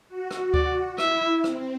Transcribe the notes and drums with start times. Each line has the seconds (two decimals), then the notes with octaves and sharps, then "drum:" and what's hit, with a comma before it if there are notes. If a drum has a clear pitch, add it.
0.08 F#4
0.31 drum: rim click
0.54 D5, drum: kick D2
0.98 E4 E5, drum: rim click
1.44 C4, drum: rim click